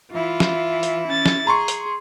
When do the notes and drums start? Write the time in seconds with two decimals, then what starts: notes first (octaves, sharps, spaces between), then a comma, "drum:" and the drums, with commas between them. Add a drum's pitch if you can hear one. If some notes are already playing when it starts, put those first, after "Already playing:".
0.12 E3 E4 F4
0.40 drum: snare
0.83 drum: hi-hat
1.07 C#4 A6
1.26 drum: snare
1.47 G#4 A#5 C6 C#6
1.68 drum: hi-hat